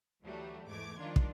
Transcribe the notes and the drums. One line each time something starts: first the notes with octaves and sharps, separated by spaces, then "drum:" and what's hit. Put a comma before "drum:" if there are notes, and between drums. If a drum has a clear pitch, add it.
D2 E3 F#3 G3 A3
E2 G#2 E3 A3 D6 G#6
D#3 F3 G3 D4 F4
drum: kick